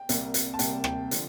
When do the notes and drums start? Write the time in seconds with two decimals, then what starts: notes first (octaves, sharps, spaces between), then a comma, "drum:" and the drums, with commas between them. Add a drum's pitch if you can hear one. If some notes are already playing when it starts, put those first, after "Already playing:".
Already playing: G5
0.09 C2 C3 G3 A#3, drum: hi-hat
0.34 drum: hi-hat
0.54 A5
0.59 C2 C3 G3 A#3 G5, drum: hi-hat
0.84 G5, drum: rim click
1.11 D3 F3, drum: hi-hat